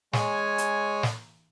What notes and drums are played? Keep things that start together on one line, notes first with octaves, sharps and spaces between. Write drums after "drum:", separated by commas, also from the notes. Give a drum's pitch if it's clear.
G#3 C#5 G#5, drum: snare
drum: hi-hat
drum: snare